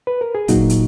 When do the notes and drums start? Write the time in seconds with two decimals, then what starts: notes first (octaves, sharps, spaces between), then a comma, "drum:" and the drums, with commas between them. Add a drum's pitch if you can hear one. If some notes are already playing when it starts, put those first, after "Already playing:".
0.07 B4
0.21 A#4
0.35 G#4
0.48 A#2 F#3 A#3 D#4 F#4, drum: kick, hi-hat
0.69 drum: hi-hat